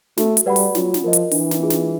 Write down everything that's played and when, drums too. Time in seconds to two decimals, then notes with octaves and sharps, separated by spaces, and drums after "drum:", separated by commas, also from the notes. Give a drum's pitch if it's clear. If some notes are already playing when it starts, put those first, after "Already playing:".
0.17 A3 F#4, drum: snare
0.37 drum: hi-hat
0.46 G3 B4 D5 F#5 B5
0.56 drum: open hi-hat
0.75 F#3 F4, drum: snare
0.94 drum: snare
1.03 F3 A#4 D#5
1.13 drum: hi-hat
1.31 E3 D4, drum: open hi-hat
1.51 drum: snare
1.61 F4 G#4
1.70 drum: snare